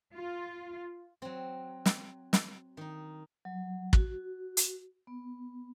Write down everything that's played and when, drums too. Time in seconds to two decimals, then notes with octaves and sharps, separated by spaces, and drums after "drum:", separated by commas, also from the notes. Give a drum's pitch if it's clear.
0.15 F4
1.22 F#3 C4
1.86 drum: snare
2.33 drum: snare
2.77 D#3 D#4
3.45 F#3
3.93 F#4, drum: kick
4.57 drum: hi-hat
5.07 B3